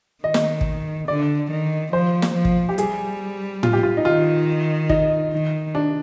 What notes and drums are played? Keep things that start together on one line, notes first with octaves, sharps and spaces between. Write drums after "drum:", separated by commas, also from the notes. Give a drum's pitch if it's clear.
D#3 D#5
drum: snare
drum: kick
D3 D5
D#3
F3 C5
drum: snare
F3
drum: kick
G4
G3 G#4, drum: hi-hat
F4, drum: tom A2
G4
F4
D#4
D#3 F4
D#4, drum: kick
D#3
D4